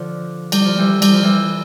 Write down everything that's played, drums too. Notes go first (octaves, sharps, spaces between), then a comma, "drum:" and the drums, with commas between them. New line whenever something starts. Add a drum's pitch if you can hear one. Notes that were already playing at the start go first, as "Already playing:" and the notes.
Already playing: D3 F3
G3, drum: cymbal
F3
E3 G3
G3, drum: cymbal
F3
E3 G3